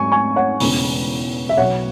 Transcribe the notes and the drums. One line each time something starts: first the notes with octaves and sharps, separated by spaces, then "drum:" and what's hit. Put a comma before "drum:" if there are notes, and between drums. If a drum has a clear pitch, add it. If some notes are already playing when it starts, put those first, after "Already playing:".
Already playing: G#2 F#3 C#4 G#5 C#6
G#5 C#6
C#5 F#5
E1 E2 C#3 G#3 C#4, drum: open hi-hat
E5
B1 B2 F#3 C#5 F#5